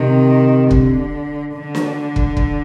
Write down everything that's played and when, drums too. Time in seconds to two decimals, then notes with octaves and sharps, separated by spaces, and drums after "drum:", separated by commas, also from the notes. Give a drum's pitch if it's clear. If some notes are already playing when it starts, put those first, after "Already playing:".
Already playing: C3 D#3
0.71 D3, drum: kick
1.54 D3
1.75 drum: snare
2.16 drum: kick
2.37 drum: kick